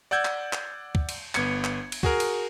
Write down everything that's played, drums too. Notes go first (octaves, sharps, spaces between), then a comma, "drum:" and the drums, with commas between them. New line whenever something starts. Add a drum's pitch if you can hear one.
D5 F#5 E6 G6 G#6
drum: clap
drum: clap
drum: kick
drum: cymbal
G1 B3 G#6 C#7, drum: clap
drum: clap
drum: cymbal
F#4 G#4 A#4, drum: kick
drum: cymbal